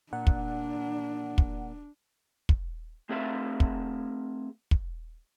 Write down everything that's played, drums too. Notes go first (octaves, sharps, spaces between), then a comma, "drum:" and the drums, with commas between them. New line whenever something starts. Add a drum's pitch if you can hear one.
A#2 D4 F#5
drum: kick
drum: kick
drum: kick
A3 C4 G#4 A#4 E5 F5
drum: kick
drum: kick